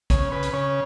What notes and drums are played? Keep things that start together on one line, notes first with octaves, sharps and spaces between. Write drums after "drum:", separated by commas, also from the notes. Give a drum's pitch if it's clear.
C#3 C#5, drum: kick, hi-hat
C#3 B4
drum: hi-hat
C#3 C#5